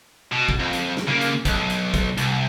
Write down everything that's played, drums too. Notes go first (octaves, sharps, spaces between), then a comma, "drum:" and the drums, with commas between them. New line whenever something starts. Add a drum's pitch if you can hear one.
B2
drum: kick
F2
drum: hi-hat
drum: snare
C#3 A#3
drum: hi-hat
B1, drum: kick, hi-hat
drum: hi-hat
drum: kick, hi-hat
C2, drum: hi-hat